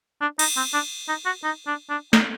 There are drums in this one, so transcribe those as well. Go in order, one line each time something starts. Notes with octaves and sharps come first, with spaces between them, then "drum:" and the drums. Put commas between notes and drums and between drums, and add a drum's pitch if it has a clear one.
D4
D#4, drum: cymbal
C4
D4
D#4
F#4
D#4
D4
D4
D#4, drum: snare